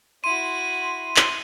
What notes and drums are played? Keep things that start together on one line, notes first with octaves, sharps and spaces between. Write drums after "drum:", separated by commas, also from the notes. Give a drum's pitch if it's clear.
E4 F#4 C6 D#7
drum: clap